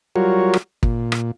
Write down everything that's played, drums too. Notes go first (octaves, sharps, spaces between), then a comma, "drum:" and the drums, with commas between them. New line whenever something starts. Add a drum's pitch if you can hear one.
F#3 G3 F4 F#4 A#4 C#5
drum: rim click
A#2, drum: kick
drum: rim click